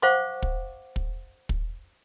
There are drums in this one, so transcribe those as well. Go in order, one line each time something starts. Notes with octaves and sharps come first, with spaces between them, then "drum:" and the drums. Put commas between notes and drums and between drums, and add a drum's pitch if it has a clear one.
C5 F5 F#5 C#6 D6
drum: kick
drum: kick
drum: kick